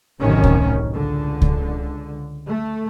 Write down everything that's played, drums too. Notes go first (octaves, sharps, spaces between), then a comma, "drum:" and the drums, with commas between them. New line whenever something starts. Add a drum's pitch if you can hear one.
A1 F#2 A2 C3 D#3 C#4
drum: kick C#2
C#2 D3
drum: kick C#2
A3